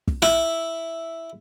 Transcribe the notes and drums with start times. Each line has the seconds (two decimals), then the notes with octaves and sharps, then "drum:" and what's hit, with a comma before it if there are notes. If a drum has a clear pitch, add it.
0.08 drum: kick
0.22 E4, drum: rim click